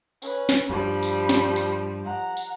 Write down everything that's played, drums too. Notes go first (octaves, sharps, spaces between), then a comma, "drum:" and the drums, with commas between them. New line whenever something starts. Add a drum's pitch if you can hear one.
C#4 B4, drum: tambourine
drum: snare
G2 F3 G3 B5
drum: tambourine
drum: snare
drum: tambourine
F#5 A#5
drum: tambourine